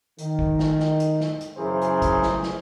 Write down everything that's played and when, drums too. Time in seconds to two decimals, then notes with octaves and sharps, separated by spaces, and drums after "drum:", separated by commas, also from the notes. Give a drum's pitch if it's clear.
0.18 D#3, drum: hi-hat
0.39 drum: kick
0.59 drum: snare
0.80 drum: snare
1.00 drum: hi-hat
1.20 drum: snare
1.41 drum: hi-hat
1.57 F#2 C#3 E3 G#4 A#4 C5
1.82 drum: hi-hat
2.02 drum: kick, hi-hat
2.22 drum: snare
2.43 drum: snare